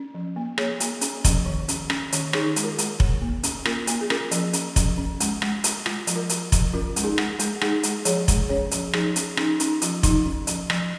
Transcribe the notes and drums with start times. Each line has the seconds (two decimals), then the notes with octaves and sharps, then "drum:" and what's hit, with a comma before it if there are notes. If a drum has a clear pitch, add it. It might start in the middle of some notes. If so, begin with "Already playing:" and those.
Already playing: C#4
0.14 F3
0.36 A#3
0.58 A#3 G#4 C#5, drum: rim click
0.80 A#3, drum: hi-hat
1.01 C#4, drum: hi-hat
1.24 F3, drum: kick F1, hi-hat
1.46 D#3
1.68 C#4, drum: hi-hat
1.90 C#4, drum: rim click
2.12 D#3, drum: hi-hat
2.33 D#3 D#4 G#4, drum: rim click
2.56 G#3, drum: hi-hat
2.63 F4 A#4
2.78 G#3, drum: hi-hat
3.00 D#3, drum: kick F1
3.22 A#3
3.43 C#4, drum: hi-hat
3.65 A#3 F4 A#4, drum: rim click
3.87 A#3, drum: hi-hat
4.01 G#4
4.10 C#4 F4 A#4, drum: rim click
4.31 F3, drum: hi-hat
4.53 C#4, drum: hi-hat
4.76 F3, drum: kick F1, hi-hat
4.98 C#4
5.20 G#3, drum: hi-hat
5.42 G#3, drum: rim click
5.64 G#3, drum: hi-hat
5.86 G#3 F4, drum: rim click
6.07 F3, drum: hi-hat
6.16 F4 A#4
6.29 F3, drum: hi-hat
6.52 F3, drum: kick F1, hi-hat
6.74 C#4 F4 A#4
6.96 G#3, drum: hi-hat
7.03 D#4 G#4
7.18 G#3, drum: rim click
7.39 G#3, drum: hi-hat
7.61 G#3 D#4 G#4, drum: rim click
7.83 G#3, drum: hi-hat
8.05 F3 G#4 C#5, drum: hi-hat
8.28 G#3, drum: kick F1, hi-hat
8.49 C#4 G#4 C#5
8.71 F3, drum: hi-hat
8.93 F3 D#4 G#4, drum: rim click
9.16 C#4, drum: hi-hat
9.37 C#4 D#4, drum: rim click
9.60 C#4 D#4, drum: hi-hat
9.82 F3 F4, drum: hi-hat
10.03 F3 D#4, drum: kick F1, hi-hat
10.25 C#4
10.47 F3, drum: hi-hat
10.70 F3, drum: rim click